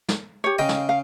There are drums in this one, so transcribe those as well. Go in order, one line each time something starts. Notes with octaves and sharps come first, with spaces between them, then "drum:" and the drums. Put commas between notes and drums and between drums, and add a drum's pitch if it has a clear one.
drum: snare
G4 C#5
C#3 D#5 F5 G5
drum: snare
F5